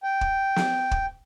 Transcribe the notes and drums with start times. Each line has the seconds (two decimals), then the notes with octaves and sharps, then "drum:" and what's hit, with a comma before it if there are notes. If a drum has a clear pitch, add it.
0.04 G5
0.21 drum: kick
0.56 drum: snare
0.91 drum: kick